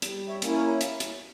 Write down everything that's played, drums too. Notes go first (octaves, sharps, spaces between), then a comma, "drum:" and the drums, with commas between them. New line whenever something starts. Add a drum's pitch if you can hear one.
G3, drum: hi-hat
C#5 E5
A#3 C#4 E4, drum: hi-hat
A#4 C#5
drum: hi-hat
drum: hi-hat